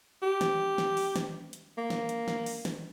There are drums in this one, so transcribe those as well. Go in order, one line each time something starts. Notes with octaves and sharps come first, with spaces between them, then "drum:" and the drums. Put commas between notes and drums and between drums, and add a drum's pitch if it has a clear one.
G4
drum: snare
drum: snare
drum: open hi-hat
drum: snare
drum: hi-hat
A#3
drum: snare
drum: hi-hat
drum: snare
drum: open hi-hat
drum: snare